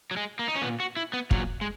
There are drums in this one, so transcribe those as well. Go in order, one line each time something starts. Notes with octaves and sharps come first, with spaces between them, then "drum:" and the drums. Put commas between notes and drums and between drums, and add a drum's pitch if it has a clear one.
F#3
G#3
A#3
D#4
C#4
A#2 B3
F#4
E4
B3
A#2 F#3, drum: kick
G#3